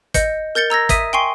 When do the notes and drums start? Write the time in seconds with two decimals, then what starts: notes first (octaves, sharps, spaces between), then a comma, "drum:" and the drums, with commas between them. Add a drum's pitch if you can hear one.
0.14 D#5 G6 C#7, drum: kick, hi-hat
0.55 A#4 G6 A6 C#7 G7
0.70 A#5 E6 G#6 A#6
0.89 E5 D#6 B6 D#7, drum: kick, hi-hat
1.13 G5 G#5 C6 C#6 C7 G7